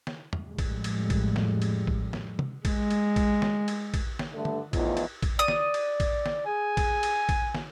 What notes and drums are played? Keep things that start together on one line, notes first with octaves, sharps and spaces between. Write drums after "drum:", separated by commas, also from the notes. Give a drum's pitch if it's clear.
drum: snare
drum: tom
F2 A2 G3 G#3
drum: kick A#1, cymbal
drum: cymbal
drum: kick A#1, cymbal
drum: snare
drum: cymbal
drum: kick A#1
drum: snare
drum: tom
G#3, drum: kick A#1, cymbal
drum: cymbal
drum: kick A#1, cymbal
drum: snare
drum: cymbal
drum: kick A#1, cymbal
drum: snare
G2 D3 A3
drum: tom D3
E2 A2 F3 D#4 F4, drum: kick A#1, cymbal
drum: cymbal
drum: kick A#1, cymbal
D5 D#6
drum: snare
drum: cymbal
drum: kick A#1, cymbal
drum: snare
G#4 G#5
drum: kick A#1, cymbal
drum: cymbal
drum: kick A#1, cymbal
drum: snare